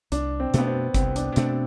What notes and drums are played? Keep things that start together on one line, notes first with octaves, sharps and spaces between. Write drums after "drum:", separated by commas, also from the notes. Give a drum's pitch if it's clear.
C2 D4, drum: hi-hat
C4
B2 A3 B3 D4, drum: hi-hat
C4
C2 C4, drum: kick G1, hi-hat
D4, drum: hi-hat
B2 A3 C4 D4, drum: hi-hat